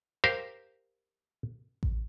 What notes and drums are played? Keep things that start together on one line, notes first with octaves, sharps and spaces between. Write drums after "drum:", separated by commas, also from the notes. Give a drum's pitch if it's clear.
G4 A#4 C5 F5
drum: kick A1